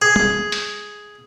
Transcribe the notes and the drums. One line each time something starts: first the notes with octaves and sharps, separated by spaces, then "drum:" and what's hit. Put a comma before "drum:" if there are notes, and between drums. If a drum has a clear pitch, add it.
G#4
drum: tom
drum: hi-hat